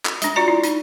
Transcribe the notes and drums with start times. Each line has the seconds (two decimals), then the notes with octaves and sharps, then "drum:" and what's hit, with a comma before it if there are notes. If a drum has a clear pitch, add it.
0.05 drum: clap
0.22 G#3 D4, drum: hi-hat
0.36 F4 F#4 D5 A#5
0.48 E4
0.64 D#4, drum: hi-hat